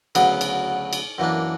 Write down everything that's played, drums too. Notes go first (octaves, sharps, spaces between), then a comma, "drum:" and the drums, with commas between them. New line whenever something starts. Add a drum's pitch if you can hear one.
D2 C#3 F#3 B3, drum: cymbal
drum: cymbal
drum: cymbal
F#2 E3 A#3 D4